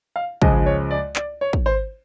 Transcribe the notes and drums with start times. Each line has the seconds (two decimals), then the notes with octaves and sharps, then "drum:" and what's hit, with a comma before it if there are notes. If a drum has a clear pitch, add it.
0.16 F5
0.42 C#2 C#3 F3 G#3 D#5, drum: kick
0.66 C#5
0.91 D5
1.16 D5, drum: clap
1.41 C#5
1.53 drum: kick
1.66 C5